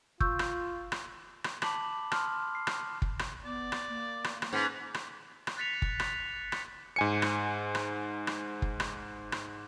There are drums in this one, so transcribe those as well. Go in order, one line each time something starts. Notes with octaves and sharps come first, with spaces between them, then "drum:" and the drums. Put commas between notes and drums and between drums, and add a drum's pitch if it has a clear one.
F4 C#6 E6 G6, drum: kick
drum: rim click
drum: rim click
drum: rim click
A5 B5 D6 B6 F#7, drum: rim click
A5 C6 D#6 F6, drum: rim click
C7
drum: rim click
drum: kick
drum: rim click
B3 D5
drum: rim click
A#3
drum: rim click
drum: rim click
G#2 C#4 B4
drum: rim click
drum: rim click
F#6 A6 B6 C#7 F7
drum: kick
drum: rim click
drum: rim click
G#2 G#5 C#7
drum: rim click
drum: rim click
drum: rim click
drum: kick
drum: rim click
drum: rim click